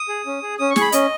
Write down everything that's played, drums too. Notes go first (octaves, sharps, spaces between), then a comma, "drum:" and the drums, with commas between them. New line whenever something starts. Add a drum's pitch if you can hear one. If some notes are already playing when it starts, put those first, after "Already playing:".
Already playing: D#6
G#4
C#4
G#4
C#4 D#6
C#6
G#4, drum: snare
B5
C#4 D#5, drum: hi-hat